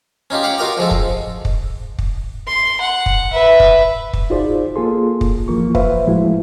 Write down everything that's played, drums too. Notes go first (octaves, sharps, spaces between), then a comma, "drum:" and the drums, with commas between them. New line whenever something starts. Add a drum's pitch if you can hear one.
C#4 D#4 F4 G4
G4 F5 F#5
F4 F#4 A#4 D#5 A#5 D6
F3 G#3 A4
drum: kick
drum: kick
drum: kick
C6
F#5
drum: kick
B4 E5
drum: kick
drum: kick
D#4 F4 F#4 G#4 C5 D5
A#3 F4 G#4 A4 C6
drum: kick
F2 E3 F3 A#3 F4 C#6
B4 C5 E5 F5, drum: kick
A2 F3 G#3 A3 E4 F#4